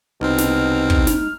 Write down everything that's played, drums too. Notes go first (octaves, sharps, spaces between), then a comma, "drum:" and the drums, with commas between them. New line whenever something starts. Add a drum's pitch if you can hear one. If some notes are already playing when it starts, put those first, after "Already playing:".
C2 B2 C4 D#4 F6
drum: snare
drum: kick
drum: snare